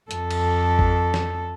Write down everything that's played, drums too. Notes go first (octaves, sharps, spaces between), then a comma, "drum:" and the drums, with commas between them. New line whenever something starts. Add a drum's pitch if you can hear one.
F2 A4, drum: hi-hat
drum: cymbal
drum: kick G#1
drum: snare